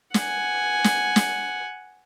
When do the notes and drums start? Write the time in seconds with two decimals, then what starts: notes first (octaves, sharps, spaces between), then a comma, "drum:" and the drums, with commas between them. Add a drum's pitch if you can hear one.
0.14 F#5 G#5, drum: snare
0.84 drum: snare
1.16 drum: snare